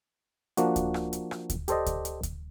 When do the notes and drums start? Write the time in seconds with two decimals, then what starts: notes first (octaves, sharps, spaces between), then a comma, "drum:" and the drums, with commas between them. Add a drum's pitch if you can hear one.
0.57 F3 A#3 D4 F#4, drum: hi-hat
0.76 drum: kick D2, hi-hat
0.94 drum: rim click
1.13 drum: hi-hat
1.31 drum: rim click
1.50 drum: kick D2, hi-hat
1.68 G4 A4 C5 D5 D#5, drum: hi-hat
1.86 drum: kick D2, hi-hat
2.05 drum: hi-hat
2.23 drum: kick D2, hi-hat